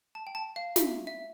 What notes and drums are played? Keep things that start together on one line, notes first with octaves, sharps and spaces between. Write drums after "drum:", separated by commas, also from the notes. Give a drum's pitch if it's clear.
A5
G5
A5
F5
E5, drum: snare
E5